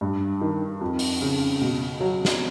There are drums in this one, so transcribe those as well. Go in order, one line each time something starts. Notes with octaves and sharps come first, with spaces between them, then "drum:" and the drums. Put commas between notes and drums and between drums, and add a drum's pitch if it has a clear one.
G2
D#3
F2
drum: open hi-hat
C#3
B2
F#3
drum: snare